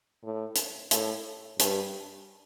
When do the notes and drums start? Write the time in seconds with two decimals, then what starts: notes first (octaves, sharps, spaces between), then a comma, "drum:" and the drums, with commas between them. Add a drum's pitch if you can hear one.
0.23 A2
0.55 drum: hi-hat
0.91 A2, drum: hi-hat
1.59 G2, drum: hi-hat